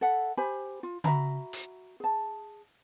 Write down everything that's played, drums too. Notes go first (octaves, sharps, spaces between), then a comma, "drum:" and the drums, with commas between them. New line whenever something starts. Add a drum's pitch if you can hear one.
A4 E5 F#5
G4 C5 G#5 B5
F4
F#4 E5 A#5 B5, drum: tom C#3
drum: hi-hat
G#4 A5